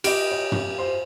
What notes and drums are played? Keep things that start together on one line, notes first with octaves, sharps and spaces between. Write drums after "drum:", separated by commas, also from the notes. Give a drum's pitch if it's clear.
G4 D#5 D7, drum: cymbal
C#5
drum: tom
C5